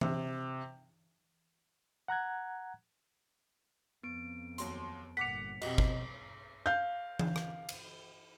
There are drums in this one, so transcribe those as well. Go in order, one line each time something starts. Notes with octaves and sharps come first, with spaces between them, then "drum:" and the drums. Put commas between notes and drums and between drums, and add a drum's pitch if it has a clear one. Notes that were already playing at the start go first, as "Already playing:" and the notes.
C3, drum: tom E3
F#5 A#5 F#6 G#6
F2 B3 D7
D#2 F#3 C6, drum: hi-hat
G1 A#2 F#5 D6 B6 C#7 F7
F2 B2 C4 F#4 G4 D#5, drum: cymbal
drum: kick
F5 G6
drum: tom E3
drum: rim click
drum: cymbal